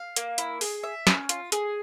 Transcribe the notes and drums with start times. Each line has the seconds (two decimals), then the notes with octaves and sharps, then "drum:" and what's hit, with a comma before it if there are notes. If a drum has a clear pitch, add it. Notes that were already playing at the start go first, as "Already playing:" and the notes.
Already playing: F5
0.16 A#3, drum: hi-hat
0.38 E4, drum: hi-hat
0.61 G#4, drum: open hi-hat
0.84 E5
1.07 C#4, drum: snare
1.29 F4, drum: hi-hat
1.52 G#4, drum: hi-hat